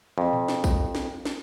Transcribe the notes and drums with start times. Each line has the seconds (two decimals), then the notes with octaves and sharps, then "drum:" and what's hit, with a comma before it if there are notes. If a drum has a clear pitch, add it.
0.18 F2
0.33 drum: tom A#2
0.48 drum: snare
0.64 drum: kick A#1, tambourine
0.95 drum: snare
1.25 drum: snare